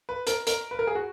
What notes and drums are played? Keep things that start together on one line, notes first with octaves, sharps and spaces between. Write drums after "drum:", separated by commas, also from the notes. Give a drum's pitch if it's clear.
B4
A#4, drum: hi-hat
A#4, drum: hi-hat
B4
A#4
G#4
F#4